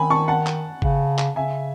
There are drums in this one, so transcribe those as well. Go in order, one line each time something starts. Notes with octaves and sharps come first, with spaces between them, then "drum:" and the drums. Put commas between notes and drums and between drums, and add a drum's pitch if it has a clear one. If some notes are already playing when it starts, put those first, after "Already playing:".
Already playing: D#3 G#5 B5
A5 C#6
F#5 A5
drum: clap
C#3, drum: kick G1
drum: clap
C#3 E5 G#5